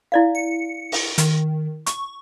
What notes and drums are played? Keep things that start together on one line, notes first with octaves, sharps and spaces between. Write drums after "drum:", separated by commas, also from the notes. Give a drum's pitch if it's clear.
E4 D5 F5
C#7
drum: open hi-hat
D#3, drum: hi-hat
C#6, drum: hi-hat